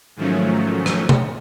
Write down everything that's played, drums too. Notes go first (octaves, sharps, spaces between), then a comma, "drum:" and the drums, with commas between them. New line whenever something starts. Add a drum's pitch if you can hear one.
G#2 D#3 F3 F#3 A3 C#4
drum: rim click
drum: tom C3